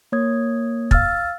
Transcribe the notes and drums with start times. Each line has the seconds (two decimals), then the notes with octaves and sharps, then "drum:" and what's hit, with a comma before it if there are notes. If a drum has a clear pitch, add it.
0.12 A#3 C#5 D#6 G#6
0.91 F5 E6 F6 A6, drum: kick